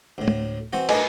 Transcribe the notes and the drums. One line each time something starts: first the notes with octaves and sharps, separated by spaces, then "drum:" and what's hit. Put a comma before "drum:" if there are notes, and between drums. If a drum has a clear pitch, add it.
D2 A2
drum: tom
E3 C4 F#4
A3 D4 A#4 B4 D#5 G#5, drum: cymbal